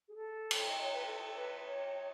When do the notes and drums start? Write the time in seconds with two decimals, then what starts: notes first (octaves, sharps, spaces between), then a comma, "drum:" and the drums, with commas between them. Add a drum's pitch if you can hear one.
0.09 G#4
0.15 A4
0.51 drum: cymbal
0.69 D#5
0.81 C#5
0.93 B4
1.06 A4
1.35 B4
1.65 C#5